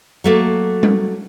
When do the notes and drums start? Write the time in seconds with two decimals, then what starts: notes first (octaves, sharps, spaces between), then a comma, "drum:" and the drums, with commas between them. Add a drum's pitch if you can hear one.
0.24 F#3 A3 A#3
0.83 drum: tom G3